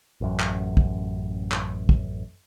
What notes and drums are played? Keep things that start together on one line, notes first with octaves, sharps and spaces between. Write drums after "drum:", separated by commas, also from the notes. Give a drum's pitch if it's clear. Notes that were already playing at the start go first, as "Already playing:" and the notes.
A1 F#2
drum: clap
drum: kick
drum: clap
drum: kick